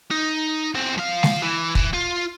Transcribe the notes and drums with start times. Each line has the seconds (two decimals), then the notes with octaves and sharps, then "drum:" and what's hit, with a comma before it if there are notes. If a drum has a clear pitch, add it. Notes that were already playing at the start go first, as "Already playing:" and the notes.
0.11 D#4
0.75 E2 C4
0.98 F3 F5
1.23 drum: snare G#3
1.42 E3
1.75 E3, drum: kick
1.94 F4